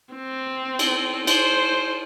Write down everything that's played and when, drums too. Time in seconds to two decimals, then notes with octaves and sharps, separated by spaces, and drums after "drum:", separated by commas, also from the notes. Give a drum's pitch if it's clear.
0.14 C4
0.79 drum: cymbal
1.27 C5, drum: cymbal